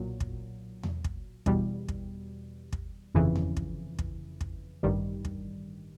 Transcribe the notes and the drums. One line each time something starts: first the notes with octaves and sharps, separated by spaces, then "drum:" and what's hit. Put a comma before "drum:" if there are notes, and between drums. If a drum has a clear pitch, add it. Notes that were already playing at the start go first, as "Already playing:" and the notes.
Already playing: B1 A#2 F#3
drum: kick
drum: tom E2
drum: kick
E2 B2 G3, drum: kick
drum: kick
drum: kick
G1 F2 C#3 E3
drum: tom E2
drum: kick
drum: kick
drum: kick
A1 G2 D#3 G3
drum: kick